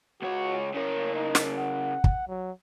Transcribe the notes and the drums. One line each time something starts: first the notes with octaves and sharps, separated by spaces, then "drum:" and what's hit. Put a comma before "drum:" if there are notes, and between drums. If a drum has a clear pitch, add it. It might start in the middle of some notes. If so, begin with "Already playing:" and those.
C#2 F#4 C#5
C#3 A#4 C#5
D#4
drum: snare
F#5
drum: kick
F#3